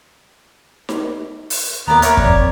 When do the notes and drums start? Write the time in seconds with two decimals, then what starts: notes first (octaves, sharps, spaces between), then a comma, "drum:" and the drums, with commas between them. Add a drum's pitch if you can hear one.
0.89 drum: snare D#4
1.50 drum: open hi-hat
1.87 D#2 A#3 B3 D5 A#5
2.02 G4 A#4 C#5 E5, drum: hi-hat
2.17 F2 D5, drum: kick